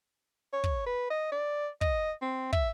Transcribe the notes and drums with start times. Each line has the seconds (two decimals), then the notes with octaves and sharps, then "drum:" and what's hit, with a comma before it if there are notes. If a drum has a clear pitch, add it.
0.53 C#5
0.64 drum: kick
0.86 B4
1.10 D#5
1.32 D5
1.81 D#5, drum: kick
2.22 C4
2.53 E5, drum: kick